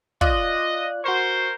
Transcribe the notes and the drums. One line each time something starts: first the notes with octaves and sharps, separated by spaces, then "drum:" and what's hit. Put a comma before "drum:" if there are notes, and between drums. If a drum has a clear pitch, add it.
F4 D5 D#5 F#6, drum: kick
F#4 A#4 C5 C#6